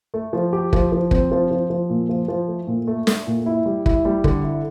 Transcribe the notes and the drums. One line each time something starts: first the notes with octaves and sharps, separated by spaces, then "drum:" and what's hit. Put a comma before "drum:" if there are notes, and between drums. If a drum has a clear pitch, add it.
A3
F3
G4
F3, drum: kick
F3
C4, drum: kick
F3
F3
F3
A#2
F3
F3
A3
A#2
A3
A3, drum: snare
A#2
E4
G3
E4, drum: kick
G3
D3, drum: kick
E4